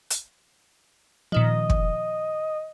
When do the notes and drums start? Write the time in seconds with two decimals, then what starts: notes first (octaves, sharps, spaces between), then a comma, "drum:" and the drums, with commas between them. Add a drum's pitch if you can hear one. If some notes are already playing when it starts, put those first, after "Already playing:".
0.10 drum: hi-hat
1.32 A#2 D#3 F3 D#5
1.70 drum: kick